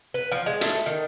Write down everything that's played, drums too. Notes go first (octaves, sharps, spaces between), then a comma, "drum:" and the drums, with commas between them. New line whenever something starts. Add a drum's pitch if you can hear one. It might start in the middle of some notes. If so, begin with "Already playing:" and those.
B4
F3
G#3
A3, drum: hi-hat
D#3